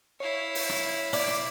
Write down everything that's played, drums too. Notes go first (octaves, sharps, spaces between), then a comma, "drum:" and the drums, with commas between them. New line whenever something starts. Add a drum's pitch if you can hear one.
E4 C#5 F5
drum: open hi-hat
drum: rim click
D5 B6, drum: open hi-hat
drum: rim click